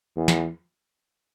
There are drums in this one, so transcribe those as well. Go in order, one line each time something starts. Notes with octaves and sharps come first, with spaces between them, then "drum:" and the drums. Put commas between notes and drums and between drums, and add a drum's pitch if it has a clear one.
E2
drum: snare